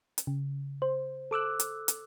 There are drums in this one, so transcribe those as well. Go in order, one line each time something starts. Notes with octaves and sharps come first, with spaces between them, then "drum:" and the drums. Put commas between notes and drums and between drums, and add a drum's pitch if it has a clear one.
drum: hi-hat
C#3
C5
A4 D6 E6 F#6
drum: hi-hat
drum: hi-hat